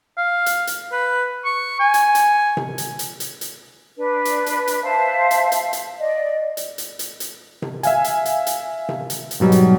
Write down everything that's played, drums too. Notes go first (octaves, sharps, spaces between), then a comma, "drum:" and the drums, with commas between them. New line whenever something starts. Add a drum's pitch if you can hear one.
F5
drum: hi-hat
drum: hi-hat
B4
C#6
G#5
drum: hi-hat
drum: hi-hat
drum: tom C3
drum: hi-hat
drum: hi-hat
drum: hi-hat
drum: hi-hat
D4 B4
drum: hi-hat
drum: hi-hat
drum: hi-hat
C5 E5 F5 A5
drum: hi-hat
drum: hi-hat
drum: hi-hat
D5 D#5
drum: hi-hat
drum: hi-hat
drum: hi-hat
drum: hi-hat
drum: tom C3
E5 F5 G#5, drum: hi-hat
drum: hi-hat
drum: hi-hat
drum: hi-hat
drum: tom C3
drum: hi-hat
drum: hi-hat
G#2 B2 F#3 G3
drum: hi-hat